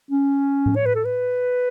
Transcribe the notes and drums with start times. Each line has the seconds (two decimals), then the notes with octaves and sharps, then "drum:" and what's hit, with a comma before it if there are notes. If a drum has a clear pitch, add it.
0.11 C#4
0.66 drum: tom A2
0.76 C#5
0.86 B4
0.95 A4
1.05 B4